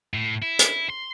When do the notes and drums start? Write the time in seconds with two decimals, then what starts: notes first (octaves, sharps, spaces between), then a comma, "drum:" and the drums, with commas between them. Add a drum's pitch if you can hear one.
0.14 A2
0.42 E4
0.59 drum: hi-hat
0.90 C6